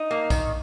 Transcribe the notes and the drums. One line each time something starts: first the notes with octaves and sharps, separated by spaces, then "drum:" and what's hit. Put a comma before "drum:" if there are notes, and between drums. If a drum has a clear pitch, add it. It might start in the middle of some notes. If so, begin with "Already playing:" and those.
Already playing: D#4
A#3
D#3, drum: kick, tambourine